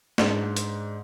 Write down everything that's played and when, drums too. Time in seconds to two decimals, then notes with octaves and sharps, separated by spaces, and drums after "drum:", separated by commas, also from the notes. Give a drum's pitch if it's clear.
0.18 G#2 D4, drum: snare
0.56 drum: hi-hat